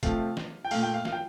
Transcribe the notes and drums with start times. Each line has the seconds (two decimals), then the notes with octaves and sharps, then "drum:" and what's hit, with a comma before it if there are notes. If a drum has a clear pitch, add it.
0.03 C3 F3 A3 F5, drum: kick, hi-hat
0.37 drum: snare
0.65 G5
0.71 A#2 A3 F5, drum: open hi-hat
0.83 G5
0.94 F5
1.05 F5, drum: snare
1.12 G5